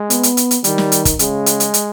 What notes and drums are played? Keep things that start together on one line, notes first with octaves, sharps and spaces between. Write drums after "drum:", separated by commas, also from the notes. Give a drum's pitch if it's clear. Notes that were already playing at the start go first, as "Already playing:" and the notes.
Already playing: G#3
B3, drum: hi-hat
drum: hi-hat
drum: hi-hat
drum: hi-hat
D#3 G3, drum: hi-hat
drum: snare
drum: hi-hat
drum: kick, hi-hat
C#3 G#3, drum: hi-hat
drum: hi-hat
drum: hi-hat
drum: hi-hat